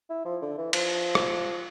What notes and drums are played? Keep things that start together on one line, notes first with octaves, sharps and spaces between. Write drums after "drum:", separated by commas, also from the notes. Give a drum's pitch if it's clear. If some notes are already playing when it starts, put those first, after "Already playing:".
E4
F3
D3
E3
F3, drum: cymbal
drum: rim click